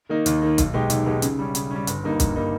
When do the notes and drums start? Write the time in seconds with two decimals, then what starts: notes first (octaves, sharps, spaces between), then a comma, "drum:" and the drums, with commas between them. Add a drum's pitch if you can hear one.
0.09 D#3 A#3 D#4
0.26 D#2, drum: hi-hat
0.42 D#3 A#3 D#4
0.58 B1, drum: kick, hi-hat
0.74 B2 G#3 D#4 G4
0.90 B1, drum: hi-hat
1.06 B2 G#3 D#4 G4
1.22 C#3, drum: hi-hat
1.39 G3 C#4
1.55 C#3, drum: hi-hat
1.71 G3 C#4
1.87 G1, drum: hi-hat
2.04 G2 G3 A#3 D#4
2.20 G1, drum: kick, hi-hat
2.36 G3 A#3 D#4